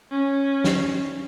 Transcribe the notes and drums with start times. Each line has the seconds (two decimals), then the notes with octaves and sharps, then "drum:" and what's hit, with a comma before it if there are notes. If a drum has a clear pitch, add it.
0.11 C#4
0.64 drum: snare